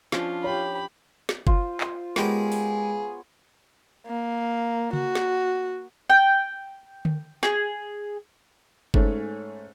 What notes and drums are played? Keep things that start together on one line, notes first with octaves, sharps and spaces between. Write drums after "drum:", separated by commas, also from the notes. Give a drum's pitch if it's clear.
F3 C#4 D4 F4, drum: snare
G4 C#5 B5
drum: snare
F4 C5, drum: kick F#1
drum: clap
G#3 B3 G4 G#4 A#4 C#5, drum: snare
drum: open hi-hat
A#3
F#4, drum: tom C#3
drum: snare
G5
drum: tom D3
G#4, drum: snare
G#2 A3 C#4, drum: kick F#1